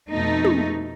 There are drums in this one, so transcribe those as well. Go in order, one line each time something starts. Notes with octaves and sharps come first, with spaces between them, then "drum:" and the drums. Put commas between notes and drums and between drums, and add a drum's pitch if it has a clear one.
F2 B2 A3 D#4
drum: tom